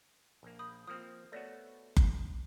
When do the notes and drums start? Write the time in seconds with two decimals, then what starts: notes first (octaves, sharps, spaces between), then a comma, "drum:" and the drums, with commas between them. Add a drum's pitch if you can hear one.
0.43 A#1 A#3
0.59 B5 D#6 G6
0.87 F3 A#3 C4 D#6 F6
1.32 A3 B3 F#4 C#5 D5 A#6
1.97 drum: kick F#1